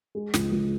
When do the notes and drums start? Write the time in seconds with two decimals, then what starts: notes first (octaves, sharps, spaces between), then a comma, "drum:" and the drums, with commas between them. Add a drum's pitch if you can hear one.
0.15 G#3
0.34 C#2, drum: snare
0.52 C#2